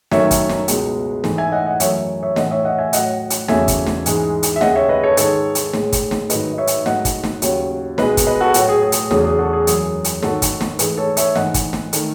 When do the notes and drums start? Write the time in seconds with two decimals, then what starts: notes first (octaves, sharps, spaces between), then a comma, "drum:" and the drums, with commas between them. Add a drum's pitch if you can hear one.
0.11 F#2 D#3 A3 C#5 E5, drum: snare
0.31 drum: kick, hi-hat
0.49 drum: snare
0.68 C#2 B2 G#3, drum: hi-hat
1.24 G#2 E3 A3, drum: snare
1.38 E5 G#5
1.52 D#5 F#5
1.66 D#5 F#5
1.80 F#2 E3 A3 C#5 E5, drum: hi-hat
2.23 C#5 E5
2.36 A2 E3 A3 D#5 F#5, drum: snare
2.51 C#5 E5
2.65 D#5 F#5
2.78 E5 G#5
2.93 A2 F#3 A3 D#5 F#5, drum: hi-hat
3.30 drum: hi-hat
3.48 E2 C#3 F#3 A3 E5 G#5, drum: snare
3.68 drum: kick, hi-hat
3.86 drum: snare
4.06 G#2 E3 G#3, drum: hi-hat
4.43 drum: hi-hat
4.56 E5
4.61 D#2 C#3 G#3 D#5 F#5, drum: snare
4.76 C#5 E5
4.89 B4 D#5
5.03 A4 C#5
5.17 G#2 D#3 G#3 A4 C#5, drum: hi-hat
5.55 drum: hi-hat
5.73 A2 G#3, drum: snare
5.92 drum: kick, hi-hat
6.11 drum: snare
6.30 G#2 D#3 F#3 A3 B4 D#5, drum: hi-hat
6.53 D#5
6.58 C#5 E5
6.67 drum: hi-hat
6.86 G#2 F#3 A3 D#5 F#5, drum: snare
7.05 drum: kick, hi-hat
7.24 drum: snare
7.42 D#2 C#3 F#3, drum: hi-hat
7.98 C#2 B2 G#3 B4 D#5, drum: snare
8.17 drum: kick, hi-hat
8.27 B4 D#5
8.40 F#4 A4
8.54 A2 F#3 A3 F#4, drum: hi-hat
8.69 G#4
8.82 G#4
8.92 drum: hi-hat
9.11 E2 C#3 F#3 A3 G#4, drum: snare
9.25 G#4
9.39 F#4 A4
9.53 G#4
9.62 F#4
9.67 F#2 E3 G#3 G#4, drum: hi-hat
10.04 drum: hi-hat
10.23 G#2 D#3 F#3 A3 F#4 A4, drum: snare
10.42 drum: kick, hi-hat
10.61 drum: snare
10.79 G#2 E3 A3 G#4 B4, drum: hi-hat
10.98 A4 C#5
11.17 C#5 E5, drum: hi-hat
11.36 G#2 E3 A3 D#5 F#5, drum: snare
11.54 drum: kick, hi-hat
11.73 drum: snare
11.93 D#3 A3, drum: hi-hat